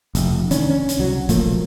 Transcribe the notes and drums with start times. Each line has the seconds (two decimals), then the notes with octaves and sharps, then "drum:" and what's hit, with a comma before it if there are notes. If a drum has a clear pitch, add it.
0.15 F1, drum: hi-hat
0.51 D#3 C#4 D4, drum: hi-hat
0.70 C#4
0.89 drum: hi-hat
0.98 C2 F#3
1.29 A#2 F3 A3 A#3, drum: kick, hi-hat